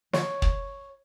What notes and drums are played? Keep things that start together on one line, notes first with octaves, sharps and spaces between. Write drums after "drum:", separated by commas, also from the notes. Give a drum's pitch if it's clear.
C#5, drum: snare
drum: kick